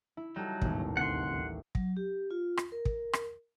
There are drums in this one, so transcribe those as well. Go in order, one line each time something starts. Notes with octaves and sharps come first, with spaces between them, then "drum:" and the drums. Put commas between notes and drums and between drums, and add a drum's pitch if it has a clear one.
E4
F#3 G3 D#4 A4
A1 D#2 G#2 B2, drum: kick
D2 C3 F#5 C6
F#3, drum: kick
G4
F4
drum: rim click
A#4
drum: kick
drum: rim click